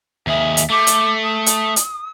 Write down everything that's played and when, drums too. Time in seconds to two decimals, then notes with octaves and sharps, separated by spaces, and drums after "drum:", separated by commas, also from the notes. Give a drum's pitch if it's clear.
0.27 D#2 G#4 E5
0.57 drum: hi-hat
0.70 A3 D6
0.87 drum: hi-hat
1.23 D#6
1.46 drum: hi-hat
1.76 drum: hi-hat